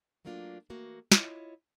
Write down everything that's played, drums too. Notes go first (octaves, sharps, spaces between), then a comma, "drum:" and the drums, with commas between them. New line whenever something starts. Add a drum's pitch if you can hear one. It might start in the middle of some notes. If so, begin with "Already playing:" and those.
F#3 A3 A#3 D4 F4
E3 A3 A#3 F#4
E4 F4 C#5 D#5, drum: snare